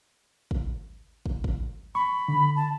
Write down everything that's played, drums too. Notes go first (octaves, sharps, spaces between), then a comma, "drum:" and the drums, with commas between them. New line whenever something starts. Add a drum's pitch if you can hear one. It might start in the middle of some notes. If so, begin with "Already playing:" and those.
drum: kick
drum: kick
drum: kick
B5 C#6
D3
A5